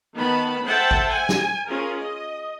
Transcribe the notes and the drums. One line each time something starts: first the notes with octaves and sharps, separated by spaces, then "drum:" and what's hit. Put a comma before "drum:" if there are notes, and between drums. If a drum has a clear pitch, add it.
D#3 B3 A5 B5
A4 C5 E5 F#5 G5 A5
drum: kick A1
G#5
drum: snare
C#4 F4 G#4 A#4
D#5